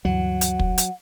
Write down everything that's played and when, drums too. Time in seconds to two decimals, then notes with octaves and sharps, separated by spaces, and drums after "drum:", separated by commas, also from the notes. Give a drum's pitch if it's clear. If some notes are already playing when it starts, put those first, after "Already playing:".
0.05 D2 G2 E3 F#3 F#5
0.41 drum: hi-hat
0.60 drum: kick
0.78 drum: hi-hat